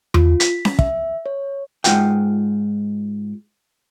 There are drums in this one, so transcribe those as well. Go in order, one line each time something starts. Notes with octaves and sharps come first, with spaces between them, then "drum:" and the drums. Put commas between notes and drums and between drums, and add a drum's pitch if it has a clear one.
F4, drum: tom E2
B6, drum: hi-hat
drum: snare C#4
E5, drum: kick
C#5
G#2 F#3 F4 F#5 G5, drum: hi-hat